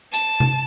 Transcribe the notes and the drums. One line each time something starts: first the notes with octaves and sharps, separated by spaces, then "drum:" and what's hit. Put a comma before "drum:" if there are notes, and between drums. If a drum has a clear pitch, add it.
A5, drum: hi-hat
drum: tom C3